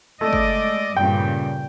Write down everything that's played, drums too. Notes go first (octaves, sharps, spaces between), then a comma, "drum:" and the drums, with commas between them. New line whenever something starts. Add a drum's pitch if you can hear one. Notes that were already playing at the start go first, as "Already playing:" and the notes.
G#3 A3 D5 D#5
drum: kick
G2 A#2 C#3 G5